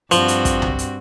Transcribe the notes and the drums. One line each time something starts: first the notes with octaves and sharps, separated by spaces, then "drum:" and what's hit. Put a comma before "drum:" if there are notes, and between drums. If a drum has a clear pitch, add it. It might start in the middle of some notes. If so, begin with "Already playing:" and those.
G2 F3 C4 F#4, drum: hi-hat
drum: hi-hat
drum: kick, hi-hat
drum: tom C2
drum: hi-hat